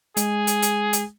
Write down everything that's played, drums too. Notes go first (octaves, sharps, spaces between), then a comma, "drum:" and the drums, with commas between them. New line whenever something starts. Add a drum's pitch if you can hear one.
G#3 G#4, drum: hi-hat
drum: hi-hat
drum: hi-hat
drum: hi-hat